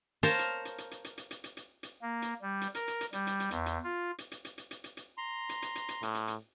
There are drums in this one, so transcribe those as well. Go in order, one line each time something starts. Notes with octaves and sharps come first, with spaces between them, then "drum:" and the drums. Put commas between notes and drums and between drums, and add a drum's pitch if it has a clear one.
A#4 C5 C#5 F5 A5 A#5, drum: hi-hat
drum: hi-hat
drum: hi-hat
drum: hi-hat
drum: hi-hat
drum: hi-hat
drum: hi-hat
drum: hi-hat
drum: hi-hat
drum: hi-hat
drum: hi-hat
A#3
drum: hi-hat
G3
drum: hi-hat
A#4, drum: hi-hat
drum: hi-hat
drum: hi-hat
G3, drum: hi-hat
drum: hi-hat
drum: hi-hat
E2, drum: hi-hat
drum: hi-hat
F4
drum: hi-hat
drum: hi-hat
drum: hi-hat
drum: hi-hat
drum: hi-hat
drum: hi-hat
drum: hi-hat
A#5 C6
drum: hi-hat
drum: hi-hat
drum: hi-hat
drum: hi-hat
A2, drum: hi-hat
drum: hi-hat
drum: hi-hat